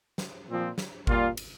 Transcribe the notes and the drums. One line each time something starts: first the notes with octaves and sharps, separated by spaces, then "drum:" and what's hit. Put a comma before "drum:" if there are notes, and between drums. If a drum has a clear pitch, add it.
drum: snare
A#2 F3 C4
drum: snare
A#2 G3 A#3 F4, drum: kick G1
drum: cymbal